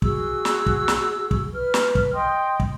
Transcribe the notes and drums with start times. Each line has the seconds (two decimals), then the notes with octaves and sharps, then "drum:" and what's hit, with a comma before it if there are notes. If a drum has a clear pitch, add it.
0.02 F#4 G#4 E6, drum: kick
0.45 drum: snare
0.66 drum: kick
0.88 drum: snare
1.31 drum: kick
1.54 B4 F6
1.74 drum: snare
1.95 drum: kick
2.14 D#5 G5 C6 D#6
2.60 drum: kick